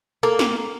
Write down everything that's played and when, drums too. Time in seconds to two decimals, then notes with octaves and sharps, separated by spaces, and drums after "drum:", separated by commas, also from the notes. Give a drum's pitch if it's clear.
0.23 A#3 A4
0.39 drum: snare